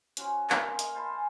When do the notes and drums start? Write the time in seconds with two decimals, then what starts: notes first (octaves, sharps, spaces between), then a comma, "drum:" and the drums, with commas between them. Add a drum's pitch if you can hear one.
0.17 C#4 F#4 C5 C#5, drum: hi-hat
0.50 A#3 F5 D#6, drum: clap
0.79 D#5 D#6, drum: hi-hat
0.95 C5 A5 B5 C6
1.10 G#5